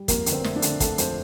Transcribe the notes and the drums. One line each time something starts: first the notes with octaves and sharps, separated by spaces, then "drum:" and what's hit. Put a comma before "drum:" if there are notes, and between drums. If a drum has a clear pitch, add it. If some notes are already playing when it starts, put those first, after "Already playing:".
Already playing: G3
F2 A#3, drum: kick, hi-hat
D3, drum: hi-hat
C4
A3, drum: snare
D4
D3, drum: hi-hat
A3 A4, drum: kick, hi-hat
F2 C5, drum: hi-hat